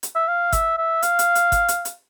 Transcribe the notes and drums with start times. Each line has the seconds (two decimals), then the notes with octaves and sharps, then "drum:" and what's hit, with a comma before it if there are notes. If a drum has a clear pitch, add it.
0.03 drum: hi-hat
0.15 E5
0.28 F5
0.52 E5, drum: kick G1, hi-hat
0.78 E5
1.02 F5, drum: hi-hat
1.19 drum: hi-hat
1.35 drum: hi-hat
1.52 drum: kick G1, hi-hat
1.68 drum: hi-hat
1.85 drum: hi-hat